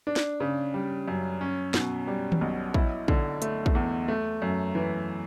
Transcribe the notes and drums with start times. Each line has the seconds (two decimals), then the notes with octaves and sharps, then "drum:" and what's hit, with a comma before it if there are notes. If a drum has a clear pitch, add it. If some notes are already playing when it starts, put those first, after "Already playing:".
0.07 D4
0.16 drum: snare
0.40 C#3
0.74 G3
1.08 F#2
1.41 C#4
1.74 B2, drum: snare
2.07 G3
2.32 drum: tom D#3
2.41 B1
2.74 E4, drum: kick
3.08 D3, drum: kick
3.42 A3, drum: hi-hat
3.66 drum: kick
3.75 E2
4.08 A3
4.42 F#2
4.75 E3